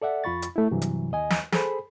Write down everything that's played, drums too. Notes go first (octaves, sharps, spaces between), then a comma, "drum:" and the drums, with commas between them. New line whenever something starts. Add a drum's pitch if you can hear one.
A4 D5 E5 F#5
F2 F4 B5 C#6 A6
drum: hi-hat
A3 E4
G2 C3 E3 F#3
drum: hi-hat
D#2 D#5 G#5
drum: snare
G#4 A4 C5 B5, drum: snare